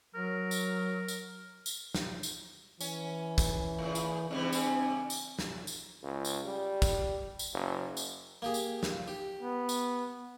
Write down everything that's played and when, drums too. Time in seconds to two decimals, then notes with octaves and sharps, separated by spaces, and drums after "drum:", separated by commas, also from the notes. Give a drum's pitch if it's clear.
0.15 F#3 A#4
0.51 drum: tambourine
1.08 drum: tambourine
1.66 drum: tambourine
1.94 drum: snare
2.23 drum: tambourine
2.81 E3 C#4, drum: tambourine
3.38 drum: kick, tambourine
3.78 A2 C#3
3.95 drum: tambourine
4.31 G2 C#3 E3 C4
4.53 drum: tambourine
5.10 drum: tambourine
5.39 drum: snare
5.67 drum: tambourine
6.02 C#2
6.25 drum: tambourine
6.45 G3
6.82 drum: kick, tambourine
7.39 drum: tambourine
7.53 F#1
7.97 drum: tambourine
8.42 A#3 G4 G#4
8.54 drum: tambourine
8.83 drum: snare
9.08 G4
9.42 B3
9.69 drum: tambourine